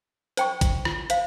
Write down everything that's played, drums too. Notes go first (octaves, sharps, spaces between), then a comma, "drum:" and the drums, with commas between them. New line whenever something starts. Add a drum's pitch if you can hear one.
C5 G5 C#6, drum: hi-hat
drum: kick G#1, hi-hat
drum: rim click
C5 F5, drum: hi-hat